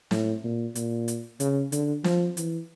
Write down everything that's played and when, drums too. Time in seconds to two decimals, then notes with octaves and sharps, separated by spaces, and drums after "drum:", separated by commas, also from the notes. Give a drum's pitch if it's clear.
0.11 A2, drum: snare
0.44 A#2
0.75 A#2, drum: hi-hat
1.08 drum: hi-hat
1.40 C#3, drum: hi-hat
1.72 D3, drum: hi-hat
2.04 F3, drum: snare
2.37 E3, drum: hi-hat